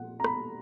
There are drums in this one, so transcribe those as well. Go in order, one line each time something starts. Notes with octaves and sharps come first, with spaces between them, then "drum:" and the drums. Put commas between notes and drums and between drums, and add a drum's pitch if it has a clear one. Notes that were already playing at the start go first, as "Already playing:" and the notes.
Already playing: A#2 F3 F#5
A#5
B5, drum: rim click